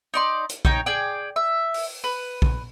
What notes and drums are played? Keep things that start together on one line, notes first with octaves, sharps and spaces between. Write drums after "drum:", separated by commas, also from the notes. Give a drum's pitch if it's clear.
D#4 D5 C6
drum: hi-hat
D#4 C#5 G5, drum: kick A#1
G#4 D5 G5
E5
drum: open hi-hat
B4
drum: kick A#1